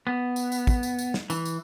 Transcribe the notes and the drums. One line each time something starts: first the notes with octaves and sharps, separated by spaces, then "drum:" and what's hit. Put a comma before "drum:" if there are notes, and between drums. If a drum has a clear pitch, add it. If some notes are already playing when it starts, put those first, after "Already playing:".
B3
drum: tambourine
drum: tambourine
drum: kick, tambourine
drum: tambourine
drum: tambourine
drum: snare
E3, drum: tambourine
drum: tambourine